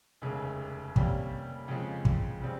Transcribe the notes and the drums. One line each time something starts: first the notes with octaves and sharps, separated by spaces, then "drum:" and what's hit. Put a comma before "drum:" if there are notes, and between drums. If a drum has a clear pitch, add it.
F1 D#2 C#3 G#3
C3 G3 A#3 C#4, drum: kick
F2 C#3 F3 G#3
drum: kick
C#3 G3 C4